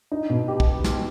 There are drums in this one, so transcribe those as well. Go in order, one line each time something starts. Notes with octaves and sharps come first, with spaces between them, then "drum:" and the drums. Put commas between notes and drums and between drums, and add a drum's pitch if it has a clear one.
D#4
B2
G4
drum: kick
drum: snare